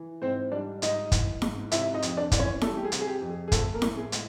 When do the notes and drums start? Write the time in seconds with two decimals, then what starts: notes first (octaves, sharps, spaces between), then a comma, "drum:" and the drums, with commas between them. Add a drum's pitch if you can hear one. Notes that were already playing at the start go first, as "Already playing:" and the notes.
Already playing: E3
0.22 G#2 C4 C5
0.52 G3 D4 D5
0.82 G#2 D#4 D#5, drum: hi-hat
1.12 E3, drum: kick, hi-hat
1.42 G#2, drum: snare E4
1.72 C3 E4 E5, drum: hi-hat
1.94 D#4 D#5
2.02 F2, drum: hi-hat
2.17 D4 D5
2.32 E3 D5, drum: kick, hi-hat
2.40 C#4 C#5
2.61 G3 A3 A4, drum: snare E4
2.77 G4
2.85 G#4
2.92 C3, drum: hi-hat
3.01 G#4
3.07 G4
3.22 F2
3.30 G#4
3.48 G#4
3.52 F3 A3 A4, drum: kick, hi-hat
3.74 A#3 A#4
3.82 A2, drum: snare E4
3.97 G#4
4.12 G#3, drum: hi-hat